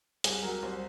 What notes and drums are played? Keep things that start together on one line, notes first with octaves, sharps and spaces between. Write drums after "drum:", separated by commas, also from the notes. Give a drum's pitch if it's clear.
C2 G#4, drum: hi-hat
F#3 A#4
C2 C5